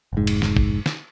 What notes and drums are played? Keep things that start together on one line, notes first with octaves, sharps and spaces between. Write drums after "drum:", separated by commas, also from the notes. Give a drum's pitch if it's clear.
F1 G#2
drum: cymbal
drum: snare
drum: kick
drum: snare